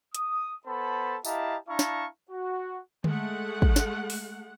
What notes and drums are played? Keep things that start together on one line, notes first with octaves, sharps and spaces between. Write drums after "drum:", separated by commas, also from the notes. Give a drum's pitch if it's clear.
D#6, drum: hi-hat
B3 A4 C5 A5 B5
E4 G4 D#5 F5 A5 A#5, drum: tambourine
D4 E4 F5 A5 A#5 C#6
drum: snare
F#4
G#3 A3 F#5, drum: tom D3
drum: kick
drum: snare
drum: open hi-hat